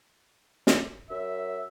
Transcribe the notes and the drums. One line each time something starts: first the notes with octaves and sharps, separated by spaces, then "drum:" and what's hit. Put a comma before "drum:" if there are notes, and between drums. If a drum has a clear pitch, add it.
drum: snare
F#2 E5